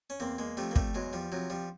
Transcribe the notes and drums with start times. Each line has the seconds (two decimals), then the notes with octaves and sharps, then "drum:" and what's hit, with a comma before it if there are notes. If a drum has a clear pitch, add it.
0.10 C#4
0.20 E2 A#3 C4
0.39 G#3 A#3
0.57 C3 F3 G3 A3
0.71 A#3
0.76 G3 A3, drum: kick
0.95 E2 F#3 G#3
1.13 F3 G3
1.32 C3 F3 F#3
1.50 F3 G3